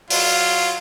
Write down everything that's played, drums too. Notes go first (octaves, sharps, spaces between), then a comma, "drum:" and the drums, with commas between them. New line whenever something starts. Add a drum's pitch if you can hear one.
F#3 F4, drum: open hi-hat